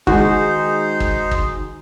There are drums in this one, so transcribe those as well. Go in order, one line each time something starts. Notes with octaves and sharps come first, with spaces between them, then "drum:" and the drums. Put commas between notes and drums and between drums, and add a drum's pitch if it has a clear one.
D#3 G#3 D#4 F#4 G#4 C5, drum: kick
drum: kick
drum: kick